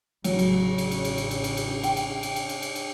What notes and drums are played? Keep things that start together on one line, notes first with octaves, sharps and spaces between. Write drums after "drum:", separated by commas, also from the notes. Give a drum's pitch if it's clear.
A1 C#3 F#3, drum: cymbal
drum: cymbal
drum: cymbal
drum: cymbal
drum: cymbal
drum: cymbal
drum: cymbal
drum: cymbal
drum: cymbal
G5, drum: cymbal
drum: cymbal
drum: cymbal
drum: cymbal
drum: cymbal
drum: cymbal
drum: cymbal